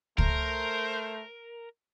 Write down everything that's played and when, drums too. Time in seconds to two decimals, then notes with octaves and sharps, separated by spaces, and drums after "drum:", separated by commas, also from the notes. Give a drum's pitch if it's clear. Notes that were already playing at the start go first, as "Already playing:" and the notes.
0.18 A3 A#4 C5, drum: kick C#2